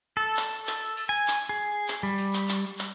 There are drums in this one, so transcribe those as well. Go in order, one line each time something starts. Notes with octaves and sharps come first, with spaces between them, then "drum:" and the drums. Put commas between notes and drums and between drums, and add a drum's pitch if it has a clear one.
A4
drum: clap
drum: clap
drum: open hi-hat
G#5
drum: clap
G#4
drum: clap
G3
drum: open hi-hat
drum: clap
drum: clap
drum: clap